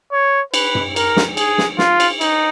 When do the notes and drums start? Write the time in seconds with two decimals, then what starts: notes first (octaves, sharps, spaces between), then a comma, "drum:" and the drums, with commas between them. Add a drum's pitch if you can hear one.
0.12 C#5
0.54 B4, drum: cymbal
0.75 drum: tom F#2
0.96 A#4, drum: cymbal
1.17 drum: snare
1.37 G#4, drum: cymbal
1.58 drum: snare
1.78 F4, drum: snare
2.00 drum: cymbal
2.21 D#4, drum: cymbal